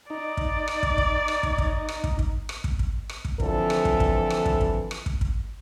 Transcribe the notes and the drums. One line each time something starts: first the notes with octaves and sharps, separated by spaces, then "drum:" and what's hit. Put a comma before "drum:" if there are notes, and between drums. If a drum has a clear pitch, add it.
D#4 D5
drum: kick
drum: rim click
drum: kick
drum: kick
drum: rim click
drum: kick
drum: kick
drum: rim click
drum: kick
drum: kick
drum: rim click
drum: kick
drum: kick
drum: rim click
drum: kick
D3 E3 F3 C4 A4, drum: kick
drum: rim click
drum: kick
drum: kick
drum: rim click
drum: kick
drum: kick
drum: rim click
drum: kick
drum: kick